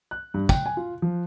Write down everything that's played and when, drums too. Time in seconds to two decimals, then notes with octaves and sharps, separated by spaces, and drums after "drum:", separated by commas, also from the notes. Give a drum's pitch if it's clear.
0.11 F#6
0.34 G2
0.49 G5, drum: kick, tambourine
0.66 G#5
0.77 F4
1.02 F3